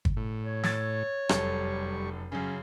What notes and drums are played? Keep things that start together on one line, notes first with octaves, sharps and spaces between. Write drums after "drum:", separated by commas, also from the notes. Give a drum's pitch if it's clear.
drum: kick
A2
C#5
E6 G#6 A6, drum: snare
F1 F#2 G3 A4 C#6, drum: rim click
F#2 C#3 C#4